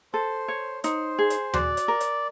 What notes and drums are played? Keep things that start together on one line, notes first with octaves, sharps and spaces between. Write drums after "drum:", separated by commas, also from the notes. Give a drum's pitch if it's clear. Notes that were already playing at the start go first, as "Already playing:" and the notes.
A4 C5
C#5
D#4 C5, drum: hi-hat
G#4
drum: hi-hat
F#4 D5, drum: tom D#2
drum: hi-hat
A#4
drum: hi-hat